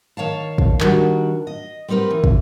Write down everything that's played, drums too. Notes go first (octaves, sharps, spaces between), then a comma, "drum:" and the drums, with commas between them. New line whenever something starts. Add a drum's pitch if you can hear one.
D#3 C#5 F5 A5
drum: kick
D#3 G3 D4 F#4, drum: clap
D#5
G3 C4 D#4 A#4 B4
E3
drum: kick